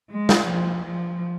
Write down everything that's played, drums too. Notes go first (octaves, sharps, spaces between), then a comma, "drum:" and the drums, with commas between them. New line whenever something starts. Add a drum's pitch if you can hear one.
G#3
drum: snare
F3
F3